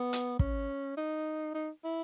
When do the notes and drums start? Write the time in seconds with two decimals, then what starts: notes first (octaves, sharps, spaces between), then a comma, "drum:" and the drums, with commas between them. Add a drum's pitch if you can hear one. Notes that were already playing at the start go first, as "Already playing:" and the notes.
Already playing: B3
0.13 drum: hi-hat
0.39 C#4, drum: kick
0.97 D#4
1.54 D#4
1.84 E4